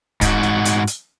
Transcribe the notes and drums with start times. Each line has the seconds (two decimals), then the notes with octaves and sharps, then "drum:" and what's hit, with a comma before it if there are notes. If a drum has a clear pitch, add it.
0.21 G#2 F#4, drum: kick, hi-hat
0.43 drum: snare
0.65 drum: hi-hat
0.87 drum: hi-hat